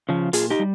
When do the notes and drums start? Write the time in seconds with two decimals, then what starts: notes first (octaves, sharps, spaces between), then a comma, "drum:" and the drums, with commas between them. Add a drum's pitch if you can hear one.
0.09 C#3 F3
0.33 A#2 F4 G#4, drum: hi-hat
0.50 D#4 G4
0.59 G3